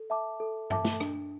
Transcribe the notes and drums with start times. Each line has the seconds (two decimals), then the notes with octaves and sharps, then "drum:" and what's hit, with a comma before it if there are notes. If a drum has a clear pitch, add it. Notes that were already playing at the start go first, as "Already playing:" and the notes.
Already playing: A4
0.10 E5 A5 D6
0.40 A4
0.70 E5 A5 D6, drum: tom G2
0.85 drum: snare
1.00 D4, drum: rim click